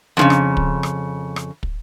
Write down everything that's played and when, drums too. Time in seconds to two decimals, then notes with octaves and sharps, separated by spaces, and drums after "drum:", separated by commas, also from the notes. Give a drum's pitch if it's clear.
0.17 F2 A2 C#3
0.30 drum: rim click
0.57 drum: kick
0.83 drum: rim click
1.36 drum: rim click
1.63 drum: kick